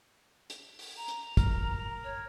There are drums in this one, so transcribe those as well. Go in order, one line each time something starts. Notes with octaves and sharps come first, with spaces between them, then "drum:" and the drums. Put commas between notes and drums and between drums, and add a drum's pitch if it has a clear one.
drum: hi-hat
drum: open hi-hat
A#5
drum: hi-hat
A#4, drum: kick, hi-hat
C#5